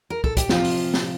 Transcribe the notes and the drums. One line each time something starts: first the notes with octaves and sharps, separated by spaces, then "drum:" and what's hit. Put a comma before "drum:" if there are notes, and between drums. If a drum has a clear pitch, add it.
A#4
A4, drum: kick
G4, drum: kick, hi-hat
C3 F3 F4, drum: snare
drum: open hi-hat
drum: snare